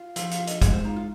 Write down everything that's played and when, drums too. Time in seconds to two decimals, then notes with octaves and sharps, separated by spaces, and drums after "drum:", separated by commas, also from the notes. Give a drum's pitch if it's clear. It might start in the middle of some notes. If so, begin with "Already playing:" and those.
Already playing: F4
0.16 F3 F5, drum: hi-hat
0.31 F5, drum: hi-hat
0.39 F4
0.47 D#5, drum: hi-hat
0.62 G#3 G#4, drum: kick, hi-hat
0.73 C5
0.85 D#4 F4
0.96 F4